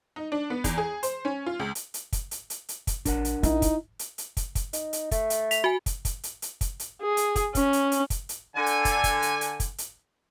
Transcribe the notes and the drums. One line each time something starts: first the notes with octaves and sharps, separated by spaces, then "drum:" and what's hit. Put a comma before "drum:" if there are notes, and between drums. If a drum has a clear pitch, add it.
D#4
D4
B3
E2, drum: kick, hi-hat
G#4
C5, drum: hi-hat
C#4
F4
C#2
drum: hi-hat
drum: hi-hat
drum: kick, hi-hat
drum: hi-hat
drum: hi-hat
drum: hi-hat
drum: kick, hi-hat
A1 D4 A#4 F#5, drum: kick, hi-hat
drum: hi-hat
A#1 D#4 E4, drum: hi-hat
drum: kick, hi-hat
drum: hi-hat
drum: hi-hat
drum: kick, hi-hat
drum: kick, hi-hat
D#4, drum: hi-hat
drum: hi-hat
A3, drum: kick, hi-hat
drum: hi-hat
B6 F7, drum: hi-hat
F#4 G#5
drum: kick, hi-hat
drum: kick, hi-hat
drum: hi-hat
drum: hi-hat
drum: kick, hi-hat
drum: hi-hat
G#4
drum: hi-hat
drum: kick, hi-hat
C#4, drum: kick, hi-hat
drum: hi-hat
drum: hi-hat
drum: kick, hi-hat
drum: hi-hat
D3 G#5
drum: hi-hat
drum: kick, hi-hat
drum: kick, hi-hat
drum: hi-hat
drum: hi-hat
drum: kick, hi-hat
drum: hi-hat